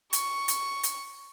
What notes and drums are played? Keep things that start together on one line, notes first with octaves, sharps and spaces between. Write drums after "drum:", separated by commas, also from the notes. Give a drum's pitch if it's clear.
C#6, drum: hi-hat
drum: hi-hat
drum: hi-hat